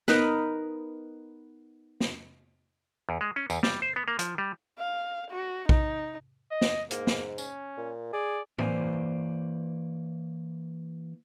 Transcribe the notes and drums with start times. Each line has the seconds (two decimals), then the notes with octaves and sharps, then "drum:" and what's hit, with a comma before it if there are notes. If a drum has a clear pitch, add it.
0.08 B3 D#4 A#4 B4, drum: snare
2.00 drum: snare
3.09 E2
3.21 G#3
3.36 C#4
3.50 E2, drum: tambourine
3.63 G3, drum: snare
3.82 C5
3.96 B3
4.08 A#3
4.19 F3, drum: hi-hat
4.38 G3
4.79 F5
5.31 F#4
5.69 D#4, drum: kick A#1
6.51 D#5
6.61 drum: snare
6.91 G#2 A#3, drum: hi-hat
7.07 drum: snare
7.38 C#4, drum: tambourine
7.77 A#2
8.13 G#4 D5
8.58 E3 A#3 C5 D5 F5 G#5, drum: tom